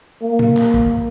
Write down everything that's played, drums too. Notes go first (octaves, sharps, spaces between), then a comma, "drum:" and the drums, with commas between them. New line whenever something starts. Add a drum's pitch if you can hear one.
A#3
drum: tom A#2
drum: clap
drum: kick